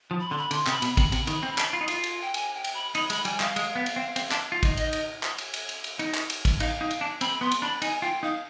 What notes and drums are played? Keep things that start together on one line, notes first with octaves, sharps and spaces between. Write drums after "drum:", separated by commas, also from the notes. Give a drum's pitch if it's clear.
F3
B5
D3 C6
B5
D3 C6, drum: cymbal
C3, drum: clap
B5
B2, drum: cymbal
B5
C3, drum: kick A1, cymbal
C3, drum: cymbal
D#3, drum: cymbal
C4
D4, drum: clap
F4
D#4
F4, drum: cymbal
drum: cymbal
G5
G#5, drum: cymbal
G5
drum: cymbal
B5
D#4 B5, drum: cymbal
G#3 B5, drum: cymbal
G3 G#5, drum: cymbal
G3 F5, drum: clap
G#3, drum: cymbal
B3
drum: cymbal
C4
C4, drum: cymbal
D4, drum: clap
F4
D#4, drum: kick A1, cymbal
D#5, drum: cymbal
drum: cymbal
drum: clap
drum: cymbal
drum: cymbal
drum: cymbal
drum: cymbal
D#4, drum: cymbal
drum: clap
drum: cymbal
drum: kick A1, cymbal
D#4 F5, drum: cymbal
D#4
drum: cymbal
D4
C4 B5, drum: cymbal
B3 C6
drum: cymbal
D4 B5
D#4 G#5, drum: cymbal
F4 G5
D#4 F5